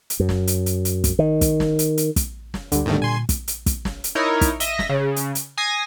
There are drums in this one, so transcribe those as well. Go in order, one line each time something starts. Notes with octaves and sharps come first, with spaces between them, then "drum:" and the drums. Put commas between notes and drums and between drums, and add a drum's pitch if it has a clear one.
drum: hi-hat
F#2
drum: snare
drum: hi-hat
drum: hi-hat
drum: hi-hat
drum: kick, hi-hat
D#3
drum: kick, hi-hat
drum: snare
drum: hi-hat
drum: hi-hat
drum: kick, hi-hat
drum: snare
G1 D2 D3 G3, drum: hi-hat
D#1 G#2 D#3 A3 B3
A#2 G#5 C6
drum: kick, hi-hat
drum: hi-hat
drum: kick, hi-hat
drum: snare
drum: hi-hat
D#4 E4 A#4 C#5
drum: kick, hi-hat
D#5 E5 A#6, drum: hi-hat
drum: snare
C#3
drum: hi-hat
drum: hi-hat
G#5 D#6 G#6 A#6 C7